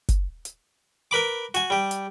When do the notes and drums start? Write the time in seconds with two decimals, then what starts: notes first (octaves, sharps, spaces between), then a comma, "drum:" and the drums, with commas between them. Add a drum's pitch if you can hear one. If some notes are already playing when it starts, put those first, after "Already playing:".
0.09 drum: kick F#1, hi-hat
0.45 drum: hi-hat
1.11 A#4 B4 B5 D6
1.54 F#4 G#5, drum: hi-hat
1.70 G3 G4
1.91 drum: hi-hat